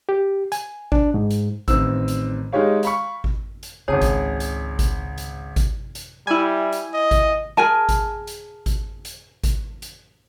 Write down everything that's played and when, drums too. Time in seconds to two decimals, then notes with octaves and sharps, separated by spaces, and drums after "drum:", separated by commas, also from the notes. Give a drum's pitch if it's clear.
0.09 G4
0.52 G#5, drum: hi-hat
0.92 D4, drum: kick G#1
1.14 G#2
1.30 drum: hi-hat
1.68 A1 D#3 C4 E6, drum: kick G#1, hi-hat
2.08 drum: hi-hat
2.52 G#3 D#4 G4 C#5 F5
2.83 F5 B5 C#6, drum: hi-hat
3.24 drum: kick G#1
3.63 drum: hi-hat
3.88 G#1 C#2 C#3 G#4 C#5 A5
4.01 drum: kick G#1, hi-hat
4.40 drum: hi-hat
4.79 drum: kick G#1, hi-hat
5.18 drum: hi-hat
5.56 drum: kick G#1, hi-hat
5.95 drum: hi-hat
6.27 G3 E4 G#5
6.72 drum: hi-hat
6.93 D#5
7.11 drum: kick G#1, hi-hat
7.57 G#4 A#4 G#5 A5
7.89 drum: kick G#1, hi-hat
8.27 drum: hi-hat
8.66 drum: kick G#1, hi-hat
9.05 drum: hi-hat
9.44 drum: kick G#1, hi-hat
9.82 drum: hi-hat